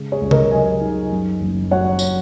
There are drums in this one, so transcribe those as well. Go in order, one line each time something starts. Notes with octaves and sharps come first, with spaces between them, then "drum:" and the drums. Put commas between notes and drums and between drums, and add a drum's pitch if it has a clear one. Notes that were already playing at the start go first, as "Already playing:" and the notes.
Already playing: C#3 G#3
G#4 C#5
C#2
A#4 D#5, drum: tom C3
F#3 D#5 G#5
D#4
F#2
F#1
F#3 C#5 F#5
drum: tambourine